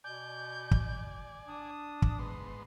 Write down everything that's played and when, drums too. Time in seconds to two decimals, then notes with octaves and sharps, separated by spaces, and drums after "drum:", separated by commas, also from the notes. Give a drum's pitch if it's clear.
0.04 B2 D5 G#5 G6
0.71 drum: kick
1.47 D4 D#6
2.02 drum: kick
2.19 G#2 B3 C6